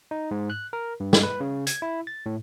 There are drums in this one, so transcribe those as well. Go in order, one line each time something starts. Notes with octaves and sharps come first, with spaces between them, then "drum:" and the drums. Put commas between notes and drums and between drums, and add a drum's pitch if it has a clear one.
D#4
G#2
F#6
A#4
G2
drum: snare
B4
C#3
G#6, drum: hi-hat
E4
A6
A2